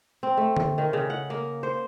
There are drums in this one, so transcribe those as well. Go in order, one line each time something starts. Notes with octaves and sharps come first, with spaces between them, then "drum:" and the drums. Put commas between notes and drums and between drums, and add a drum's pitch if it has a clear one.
C4
A3
drum: tom D3
D#3
C#3
F#5
A#3
C5